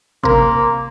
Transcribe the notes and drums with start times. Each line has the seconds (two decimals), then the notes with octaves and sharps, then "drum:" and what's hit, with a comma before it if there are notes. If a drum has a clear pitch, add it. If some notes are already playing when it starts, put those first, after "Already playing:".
0.24 C3 A#3 A#4 C6, drum: kick G1